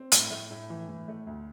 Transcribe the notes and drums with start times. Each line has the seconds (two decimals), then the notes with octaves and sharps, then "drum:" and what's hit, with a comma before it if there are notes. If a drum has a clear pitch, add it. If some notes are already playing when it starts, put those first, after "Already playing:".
Already playing: C4
0.12 A2, drum: hi-hat
0.31 A3
0.51 A2
0.70 E3
0.88 A2
1.08 A3
1.27 D2